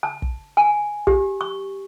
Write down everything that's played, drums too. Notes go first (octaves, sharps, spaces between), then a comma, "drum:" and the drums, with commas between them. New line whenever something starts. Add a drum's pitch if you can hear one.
A5
drum: kick
G#5
G4, drum: kick
C#6